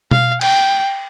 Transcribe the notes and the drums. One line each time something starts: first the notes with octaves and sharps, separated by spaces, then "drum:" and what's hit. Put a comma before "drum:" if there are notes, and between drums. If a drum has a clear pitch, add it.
F5, drum: tom B2
G5, drum: cymbal